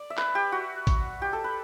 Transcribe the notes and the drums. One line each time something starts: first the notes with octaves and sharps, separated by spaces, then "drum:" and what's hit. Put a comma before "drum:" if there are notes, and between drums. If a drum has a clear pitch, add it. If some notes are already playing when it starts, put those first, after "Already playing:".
Already playing: D5
E5
B4, drum: clap
G4
F#4
drum: kick A1, hi-hat
G4
A4
B4